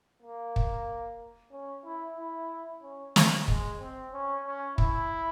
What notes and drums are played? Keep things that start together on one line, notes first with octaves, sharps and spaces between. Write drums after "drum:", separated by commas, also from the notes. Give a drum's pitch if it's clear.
A#3
drum: kick
C#4
E4
E4
C#4
drum: snare
G#3, drum: kick
C4
C#4
C#4
E4, drum: kick